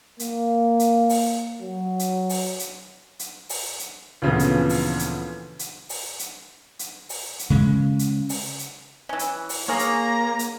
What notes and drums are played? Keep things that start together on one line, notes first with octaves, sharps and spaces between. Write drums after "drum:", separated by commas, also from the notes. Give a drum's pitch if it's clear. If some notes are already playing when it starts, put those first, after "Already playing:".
A#3, drum: hi-hat
drum: hi-hat
drum: open hi-hat
F#3
drum: hi-hat
drum: open hi-hat
drum: hi-hat
drum: hi-hat
drum: open hi-hat
drum: hi-hat
D2 A#2 C#3 E3 F3 B3
drum: hi-hat
drum: open hi-hat
drum: hi-hat
drum: hi-hat
drum: open hi-hat
drum: hi-hat
drum: hi-hat
drum: open hi-hat
drum: hi-hat
C#3 G#3 C#4
drum: hi-hat
drum: open hi-hat
drum: hi-hat
E3 C#4
drum: hi-hat
drum: open hi-hat
A#3 G#4 A#4 C#5 A#5
drum: hi-hat
drum: hi-hat